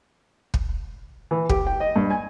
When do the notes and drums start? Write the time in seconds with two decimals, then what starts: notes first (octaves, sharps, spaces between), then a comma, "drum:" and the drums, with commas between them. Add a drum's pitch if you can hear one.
0.54 drum: kick
1.31 E3
1.49 G4, drum: kick
1.67 G5
1.80 D#5
1.96 G2
2.10 G#5